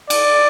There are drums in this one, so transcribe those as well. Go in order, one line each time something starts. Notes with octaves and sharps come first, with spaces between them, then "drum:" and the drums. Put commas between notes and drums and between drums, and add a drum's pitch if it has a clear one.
D5, drum: cymbal